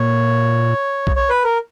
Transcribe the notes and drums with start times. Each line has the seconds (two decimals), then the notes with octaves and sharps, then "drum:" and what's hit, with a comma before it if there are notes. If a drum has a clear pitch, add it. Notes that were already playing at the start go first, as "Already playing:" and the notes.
Already playing: A#2 C#5
1.07 drum: kick B1
1.16 C#5
1.30 B4
1.44 A#4